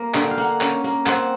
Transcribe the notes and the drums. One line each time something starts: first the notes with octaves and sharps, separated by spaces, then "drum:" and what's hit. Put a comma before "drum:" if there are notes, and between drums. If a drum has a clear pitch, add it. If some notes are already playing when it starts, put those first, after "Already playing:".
Already playing: A#3
D3 G5, drum: clap
F#5
F5
A#3 F#5, drum: hi-hat
C#4, drum: clap
A#3, drum: hi-hat
C4 F#5, drum: clap